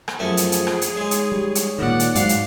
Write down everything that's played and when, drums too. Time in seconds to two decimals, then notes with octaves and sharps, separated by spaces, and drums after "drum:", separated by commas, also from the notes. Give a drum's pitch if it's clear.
0.08 drum: rim click
0.19 F#2 F3 A3 C#4 G#4
0.37 drum: hi-hat
0.52 drum: hi-hat
0.67 drum: rim click
0.81 drum: hi-hat
0.96 G#3 D#4 C#5
1.11 drum: hi-hat
1.32 G3
1.55 drum: hi-hat
1.78 A#2 D#3 D5 F#5
2.00 drum: hi-hat
2.15 G#2 F#3 F5, drum: hi-hat
2.29 drum: hi-hat